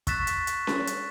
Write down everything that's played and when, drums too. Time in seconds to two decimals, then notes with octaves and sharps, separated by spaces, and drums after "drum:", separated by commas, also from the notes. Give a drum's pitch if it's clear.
0.07 C#6 E6 F#6 A6 B6 E7, drum: kick, hi-hat
0.27 drum: hi-hat
0.47 drum: hi-hat
0.67 drum: snare C#4
0.87 drum: hi-hat